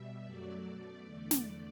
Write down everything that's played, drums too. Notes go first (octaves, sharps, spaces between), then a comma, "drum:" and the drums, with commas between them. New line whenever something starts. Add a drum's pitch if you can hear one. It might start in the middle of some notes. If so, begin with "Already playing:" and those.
Already playing: B2 G3 E5
F#2 F#3 A3 D5
B2 A3
E2 D3 A3
drum: snare